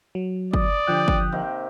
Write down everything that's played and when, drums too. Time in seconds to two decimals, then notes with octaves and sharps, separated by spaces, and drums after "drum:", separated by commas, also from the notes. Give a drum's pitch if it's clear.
0.15 F#3
0.54 D5 D#6, drum: kick
0.87 D3 F3 G4 G5 F#6
1.08 drum: kick
1.32 C3 D#3 A#3